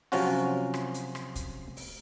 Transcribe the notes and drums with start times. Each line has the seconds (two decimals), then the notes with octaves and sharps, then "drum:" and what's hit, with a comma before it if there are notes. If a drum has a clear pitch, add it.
0.12 C3 F3 F#3 C#4 F4 F#4, drum: open hi-hat
0.74 drum: rim click
0.94 drum: hi-hat
1.15 drum: rim click
1.35 drum: kick, hi-hat
1.77 drum: open hi-hat